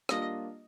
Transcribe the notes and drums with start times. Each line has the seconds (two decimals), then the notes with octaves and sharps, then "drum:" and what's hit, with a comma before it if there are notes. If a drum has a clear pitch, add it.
0.09 G3 A#3 D4 F4 D#5, drum: rim click